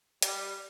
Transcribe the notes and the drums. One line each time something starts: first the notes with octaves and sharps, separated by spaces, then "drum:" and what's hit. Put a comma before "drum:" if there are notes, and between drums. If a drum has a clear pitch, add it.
G3, drum: hi-hat